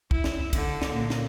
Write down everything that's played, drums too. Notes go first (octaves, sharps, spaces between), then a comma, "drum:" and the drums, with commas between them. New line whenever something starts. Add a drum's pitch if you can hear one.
E4, drum: kick
drum: snare
D3, drum: kick, cymbal
drum: snare
A#2
drum: snare